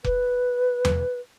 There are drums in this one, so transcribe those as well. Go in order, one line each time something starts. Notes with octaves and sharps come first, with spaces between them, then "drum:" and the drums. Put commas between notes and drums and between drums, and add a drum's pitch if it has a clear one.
B4, drum: kick F1
drum: tom E2